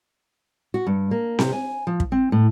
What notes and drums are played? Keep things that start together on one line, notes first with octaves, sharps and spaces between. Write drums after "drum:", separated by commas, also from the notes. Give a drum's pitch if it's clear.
F#4
G2
A#3
C3, drum: snare C4
G#5
F3
drum: kick
C4
A2